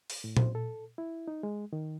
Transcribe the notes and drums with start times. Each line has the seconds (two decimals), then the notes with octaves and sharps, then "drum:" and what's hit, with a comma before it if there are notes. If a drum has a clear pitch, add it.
0.10 drum: open hi-hat
0.24 A2
0.37 C5, drum: tom A#2
0.55 A4
0.98 E4
1.28 D#4
1.43 G#3
1.73 D#3